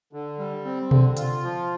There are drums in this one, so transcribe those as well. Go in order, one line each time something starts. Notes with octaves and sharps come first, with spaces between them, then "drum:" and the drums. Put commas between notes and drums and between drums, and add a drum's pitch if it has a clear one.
D3
G3
C4
D3, drum: tom B2
F4, drum: hi-hat
F3